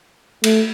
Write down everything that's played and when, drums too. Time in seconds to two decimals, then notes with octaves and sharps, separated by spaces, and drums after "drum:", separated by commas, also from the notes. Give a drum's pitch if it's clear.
0.44 A3, drum: cymbal